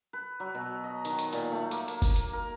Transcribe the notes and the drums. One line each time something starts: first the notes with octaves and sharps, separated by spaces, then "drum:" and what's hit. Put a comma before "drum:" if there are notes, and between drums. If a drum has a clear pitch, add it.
B4
F#3
B2
D#5
D#3, drum: hi-hat
drum: hi-hat
A#2, drum: hi-hat
A3
A#3, drum: hi-hat
drum: hi-hat
drum: kick F#1, open hi-hat
drum: hi-hat
A#4